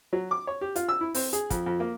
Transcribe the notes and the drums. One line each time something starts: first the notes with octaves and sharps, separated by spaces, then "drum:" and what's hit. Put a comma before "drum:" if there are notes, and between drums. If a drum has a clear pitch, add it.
F#3
D6
C#5
G4
F4, drum: hi-hat
E6
E4
C4, drum: open hi-hat
G#4, drum: hi-hat
F2, drum: kick, hi-hat
F2
A#3